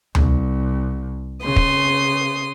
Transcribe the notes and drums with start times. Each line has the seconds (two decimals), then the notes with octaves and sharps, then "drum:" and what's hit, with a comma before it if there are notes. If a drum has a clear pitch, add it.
0.15 C2, drum: tom D2
1.45 C#3 C6 D#6
1.56 drum: kick